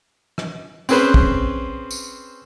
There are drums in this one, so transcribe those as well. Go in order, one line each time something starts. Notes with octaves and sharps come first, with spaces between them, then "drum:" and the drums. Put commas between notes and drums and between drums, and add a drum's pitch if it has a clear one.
drum: rim click
C4 C#4 G#4 B4 C5, drum: tambourine
drum: kick
drum: tambourine